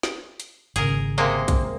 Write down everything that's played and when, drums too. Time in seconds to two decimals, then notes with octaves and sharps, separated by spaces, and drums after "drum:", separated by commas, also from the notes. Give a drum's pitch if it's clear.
0.03 drum: snare
0.40 drum: hi-hat
0.76 G#1 C#3 G#4 A#4, drum: hi-hat
1.18 C3 G#3 A#3
1.48 drum: kick, hi-hat